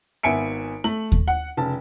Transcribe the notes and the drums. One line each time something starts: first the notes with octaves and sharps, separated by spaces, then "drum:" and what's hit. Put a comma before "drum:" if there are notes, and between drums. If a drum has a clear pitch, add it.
G#1 B3 E5 G#5 C#7 D7
A3 F#7
drum: kick D#2
F#5
F1 C#3 A5